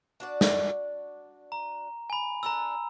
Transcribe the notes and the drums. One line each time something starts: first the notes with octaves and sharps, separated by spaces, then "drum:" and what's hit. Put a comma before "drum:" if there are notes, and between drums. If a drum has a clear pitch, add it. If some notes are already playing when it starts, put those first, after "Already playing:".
D4 F#4 D5
drum: snare
A#5
G#5 B5
D4 A4 A#4 A#5 E6